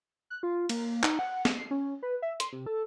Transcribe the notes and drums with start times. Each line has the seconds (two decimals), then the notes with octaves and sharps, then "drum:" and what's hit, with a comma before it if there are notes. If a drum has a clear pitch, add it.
0.30 F#6
0.43 F4
0.69 A#3, drum: cymbal
1.04 D#4, drum: clap
1.19 F#5
1.45 drum: snare
1.56 C7
1.71 C#4
2.03 B4
2.22 E5
2.40 C6, drum: hi-hat
2.52 C3
2.66 A4